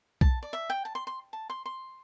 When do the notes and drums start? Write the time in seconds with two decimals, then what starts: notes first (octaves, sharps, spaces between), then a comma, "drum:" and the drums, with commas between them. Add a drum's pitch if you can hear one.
0.21 A5, drum: kick
0.43 D5
0.53 E5
0.70 G5
0.85 A5
0.95 C6
1.07 C6
1.33 A5
1.50 C6
1.66 C6